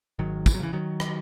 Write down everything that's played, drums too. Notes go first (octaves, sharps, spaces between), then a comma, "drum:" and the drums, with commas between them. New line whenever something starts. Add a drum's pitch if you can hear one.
G#1 D#3 F#3
E3, drum: kick, tambourine
F#3
C#3 E3
D#3 F#3
drum: rim click